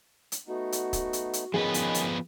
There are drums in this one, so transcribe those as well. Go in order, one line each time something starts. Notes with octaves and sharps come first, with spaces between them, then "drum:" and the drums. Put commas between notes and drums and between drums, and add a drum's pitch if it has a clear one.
drum: hi-hat
A3 B3 D#4 F#4
drum: hi-hat
drum: kick, hi-hat
drum: hi-hat
drum: hi-hat
D#3 F3 B3 C#4 G#4 B4 D#5
drum: hi-hat
drum: hi-hat